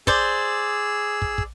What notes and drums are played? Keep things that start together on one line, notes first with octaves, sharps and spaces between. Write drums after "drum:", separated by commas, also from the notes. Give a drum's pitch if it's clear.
G#4 C5 D5 E6, drum: kick
drum: kick
drum: kick